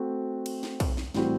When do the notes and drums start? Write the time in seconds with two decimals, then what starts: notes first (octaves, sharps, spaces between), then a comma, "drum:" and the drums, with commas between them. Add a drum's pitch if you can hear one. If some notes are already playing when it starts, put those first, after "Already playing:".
Already playing: A3 C4 F#4
0.46 drum: cymbal
0.63 drum: snare
0.80 drum: kick, cymbal
0.97 drum: snare
1.14 A2 E3 G3 C4 F#4, drum: snare